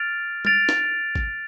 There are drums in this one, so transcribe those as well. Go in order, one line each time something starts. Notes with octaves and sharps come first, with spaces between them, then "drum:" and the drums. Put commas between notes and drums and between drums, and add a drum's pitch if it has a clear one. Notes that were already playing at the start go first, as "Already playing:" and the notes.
Already playing: F6 A6 D7 F7
F6 A6 D7 F7, drum: tom G3
drum: snare
drum: kick G#1